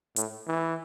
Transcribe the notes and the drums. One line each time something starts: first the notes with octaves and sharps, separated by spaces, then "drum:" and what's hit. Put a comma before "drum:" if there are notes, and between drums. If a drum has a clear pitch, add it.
A2, drum: hi-hat
E3